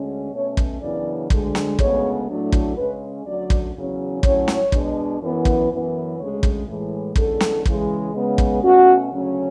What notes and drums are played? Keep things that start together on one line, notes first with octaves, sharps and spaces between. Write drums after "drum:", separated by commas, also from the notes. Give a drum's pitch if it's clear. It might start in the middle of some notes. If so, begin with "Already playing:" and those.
Already playing: D2 D3 G#3 C#4
B2 A3 C#4 C#5
drum: kick
F#2 C#3 E3 B3 D4 D5
D2 D3 G#3, drum: kick
drum: snare
D2 C#3 G#3 B3 C#5, drum: kick
A2 F#3 A3 D4
drum: kick
C#3 G#3 C#4 B4
D2 D3 F#3 C#4 D5
drum: kick
E2 C#3 F#3 C#4
A2 F#3 C#4 C#5, drum: kick
drum: snare
B2 G#3 D4, drum: kick
F#2 E3 B3
drum: kick
F#2 E3 B3
D2 C#3 G#3 C#5
drum: kick
A2 E3 G#3
E2 D3 G#3 C#4 A4, drum: kick
drum: snare
C#3 E3 G#3, drum: kick
C#3 G#3 B3
drum: kick
B2 A3 C#4 F#4
D2 C#3 F#3 C#4